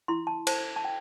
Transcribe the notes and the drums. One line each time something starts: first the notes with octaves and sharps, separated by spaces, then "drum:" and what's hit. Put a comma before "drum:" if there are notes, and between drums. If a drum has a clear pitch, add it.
E4 C6
A5
C5 A5, drum: cymbal
A5
G5